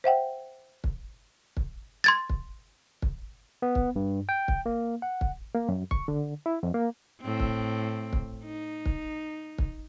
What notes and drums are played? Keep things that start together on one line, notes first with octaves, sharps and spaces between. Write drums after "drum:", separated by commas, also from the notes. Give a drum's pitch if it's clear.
C5 E5 F#5 G5
drum: kick
drum: kick
C6 G#6 A6
drum: kick
drum: kick
B3
drum: kick
G2
G5
drum: kick
A#3
F#5
drum: kick
A#3
F#2
C#6, drum: kick
D3
E4
F2
A#3
A2 C4
drum: kick
drum: kick
D#4
drum: kick
drum: kick